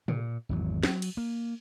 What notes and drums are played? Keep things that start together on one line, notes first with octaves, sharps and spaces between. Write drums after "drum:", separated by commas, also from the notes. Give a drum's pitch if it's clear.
A#2, drum: tom
G#1 E2 F#3
F#3, drum: snare
drum: cymbal
A#3